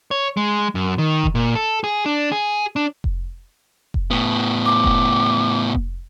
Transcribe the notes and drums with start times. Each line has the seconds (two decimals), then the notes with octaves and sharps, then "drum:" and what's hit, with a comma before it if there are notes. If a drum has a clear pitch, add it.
0.11 C#5
0.37 G#3
0.75 F#2
0.98 D#3
1.24 drum: kick F1
1.35 A#2
1.55 A4
1.84 G#4
2.06 D4
2.32 G#4
2.76 D4
3.04 drum: kick F1
3.94 drum: kick F1
4.11 A2 B3
4.65 D6
4.84 drum: kick F1
5.75 drum: kick F1